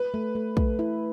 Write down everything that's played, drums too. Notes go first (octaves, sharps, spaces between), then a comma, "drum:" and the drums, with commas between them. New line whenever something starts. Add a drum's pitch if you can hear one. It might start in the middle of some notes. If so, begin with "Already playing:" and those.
Already playing: B4
A3
A3
A3, drum: kick
E4